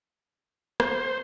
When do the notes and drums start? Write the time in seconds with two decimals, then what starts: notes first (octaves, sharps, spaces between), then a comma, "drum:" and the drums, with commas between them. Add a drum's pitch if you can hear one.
0.80 C5, drum: rim click